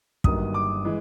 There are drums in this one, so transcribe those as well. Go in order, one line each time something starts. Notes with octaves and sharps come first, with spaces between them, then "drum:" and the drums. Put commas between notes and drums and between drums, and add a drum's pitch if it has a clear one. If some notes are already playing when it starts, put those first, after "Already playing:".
G1 G2 D#3 F#3 A#3 D#6, drum: kick
D6
E3 G#3